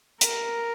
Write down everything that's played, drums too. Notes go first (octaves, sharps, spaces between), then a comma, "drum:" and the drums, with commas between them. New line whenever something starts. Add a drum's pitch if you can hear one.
A#4, drum: hi-hat